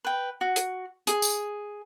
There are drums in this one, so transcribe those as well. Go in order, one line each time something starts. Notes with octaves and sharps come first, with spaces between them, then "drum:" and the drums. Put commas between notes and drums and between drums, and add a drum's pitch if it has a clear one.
B4 G5
F#4
drum: hi-hat
G#4, drum: hi-hat
drum: tambourine